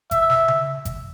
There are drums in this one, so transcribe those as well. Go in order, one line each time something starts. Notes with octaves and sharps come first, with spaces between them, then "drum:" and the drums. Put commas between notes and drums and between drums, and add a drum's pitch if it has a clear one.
E5, drum: kick G#1, hi-hat
drum: snare
drum: tom C#3
drum: kick G#1, hi-hat